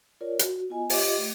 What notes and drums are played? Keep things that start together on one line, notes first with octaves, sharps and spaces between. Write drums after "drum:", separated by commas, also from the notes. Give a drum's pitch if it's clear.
F4 A#4 C#5 D5
F#4, drum: hi-hat
B3 F4 D#5 G#5
F4 G4 D#5 D6, drum: open hi-hat
A3